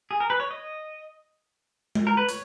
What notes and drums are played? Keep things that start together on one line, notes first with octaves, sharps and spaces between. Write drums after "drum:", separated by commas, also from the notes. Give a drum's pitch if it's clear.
G#4
A#4
B4
C#5
D#5
drum: tom G#3
A#4
B4
C#5, drum: hi-hat